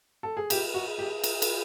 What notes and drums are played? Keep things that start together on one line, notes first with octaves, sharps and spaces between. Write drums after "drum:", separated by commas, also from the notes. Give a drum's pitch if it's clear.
A4
G#4
G4 G#4, drum: cymbal
F#4
G#4
G4
drum: cymbal
drum: cymbal